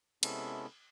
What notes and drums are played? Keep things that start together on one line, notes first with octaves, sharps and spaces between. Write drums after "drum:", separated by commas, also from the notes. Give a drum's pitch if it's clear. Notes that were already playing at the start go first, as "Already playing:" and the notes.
C3 G#3 B3 C#4 E4 A4, drum: cymbal